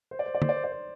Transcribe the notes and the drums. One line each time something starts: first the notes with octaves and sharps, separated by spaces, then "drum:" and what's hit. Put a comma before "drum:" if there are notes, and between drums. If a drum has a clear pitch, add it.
C5
D5
C5
D5
C5, drum: tom
D5
C5
D5
C5